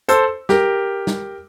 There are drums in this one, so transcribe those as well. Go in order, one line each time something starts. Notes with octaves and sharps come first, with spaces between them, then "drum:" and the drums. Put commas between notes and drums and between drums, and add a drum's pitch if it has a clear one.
A4 C5, drum: hi-hat
G4 A#4, drum: snare
drum: snare